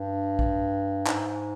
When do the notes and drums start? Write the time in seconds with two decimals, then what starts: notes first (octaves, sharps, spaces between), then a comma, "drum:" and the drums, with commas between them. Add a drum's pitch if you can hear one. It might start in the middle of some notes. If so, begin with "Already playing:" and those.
Already playing: G2
0.39 drum: kick A#1
1.07 G#2, drum: clap